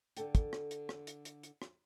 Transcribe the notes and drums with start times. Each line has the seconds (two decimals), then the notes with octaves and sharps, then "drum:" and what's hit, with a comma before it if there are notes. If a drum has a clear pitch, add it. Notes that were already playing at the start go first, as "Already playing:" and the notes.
0.17 D3 A4 G5, drum: hi-hat
0.35 drum: kick, hi-hat
0.53 drum: rim click
0.71 drum: hi-hat
0.89 drum: rim click
1.07 drum: hi-hat
1.25 drum: hi-hat
1.43 drum: hi-hat
1.62 drum: rim click